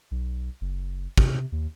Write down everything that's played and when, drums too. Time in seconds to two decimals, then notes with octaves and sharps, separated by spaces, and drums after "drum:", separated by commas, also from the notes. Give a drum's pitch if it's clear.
0.11 B1
0.61 F#1
1.18 C3, drum: kick
1.52 D#2